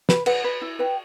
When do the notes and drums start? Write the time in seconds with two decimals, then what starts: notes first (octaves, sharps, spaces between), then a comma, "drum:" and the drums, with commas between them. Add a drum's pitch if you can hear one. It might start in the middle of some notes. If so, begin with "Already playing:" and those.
0.09 B4, drum: snare
0.26 B4 F#5, drum: cymbal
0.44 B4
0.62 E4
0.79 B4 G5